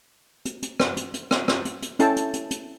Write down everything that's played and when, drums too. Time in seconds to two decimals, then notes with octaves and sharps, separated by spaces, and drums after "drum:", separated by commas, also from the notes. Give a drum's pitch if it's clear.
0.45 drum: hi-hat
0.62 drum: hi-hat
0.80 drum: rim click
0.97 drum: hi-hat
1.14 drum: hi-hat
1.31 drum: rim click
1.48 drum: rim click
1.65 drum: hi-hat
1.82 drum: hi-hat
1.99 C#4 E4 A4 G5 A5, drum: hi-hat
2.16 drum: hi-hat
2.34 drum: hi-hat
2.51 drum: hi-hat